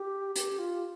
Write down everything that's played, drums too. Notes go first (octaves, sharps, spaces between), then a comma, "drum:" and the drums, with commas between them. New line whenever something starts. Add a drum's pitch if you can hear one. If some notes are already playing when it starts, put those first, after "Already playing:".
Already playing: G4
G4, drum: hi-hat
F4